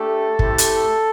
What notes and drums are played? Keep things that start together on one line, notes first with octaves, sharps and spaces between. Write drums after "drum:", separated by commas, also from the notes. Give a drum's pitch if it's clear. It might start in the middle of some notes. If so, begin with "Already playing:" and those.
Already playing: A3 D4 G4 A4
A3 C4 E4 G4, drum: kick
drum: hi-hat